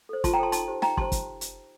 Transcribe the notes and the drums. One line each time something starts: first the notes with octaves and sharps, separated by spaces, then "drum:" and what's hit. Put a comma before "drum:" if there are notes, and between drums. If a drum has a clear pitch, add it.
A4 C5
F4 A5 C6, drum: kick, hi-hat
G5 A#5
A4 C5 A5 C6
D#4 A5 C6, drum: hi-hat
G4 C5
D#4 G5 A#5, drum: snare
G4 C5 A5 C6, drum: kick
drum: kick, hi-hat
drum: hi-hat